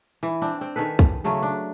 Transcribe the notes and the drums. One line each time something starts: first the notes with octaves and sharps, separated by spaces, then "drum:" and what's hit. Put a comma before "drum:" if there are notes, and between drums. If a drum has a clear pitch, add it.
E3
C4 D4
C4
D#3 G#4 A4 B4
drum: kick
C#3 F#3 A3 A4
D4